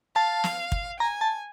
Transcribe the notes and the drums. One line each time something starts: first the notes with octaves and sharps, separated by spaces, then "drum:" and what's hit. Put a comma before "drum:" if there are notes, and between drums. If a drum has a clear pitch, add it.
F5 A5
drum: snare
drum: kick
G#5 A#5
A5